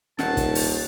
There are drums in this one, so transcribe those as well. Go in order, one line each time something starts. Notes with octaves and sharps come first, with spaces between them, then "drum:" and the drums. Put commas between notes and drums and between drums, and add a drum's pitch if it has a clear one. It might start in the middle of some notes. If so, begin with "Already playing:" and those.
D#1 D#3 F#5 A5, drum: snare
drum: kick, hi-hat
drum: open hi-hat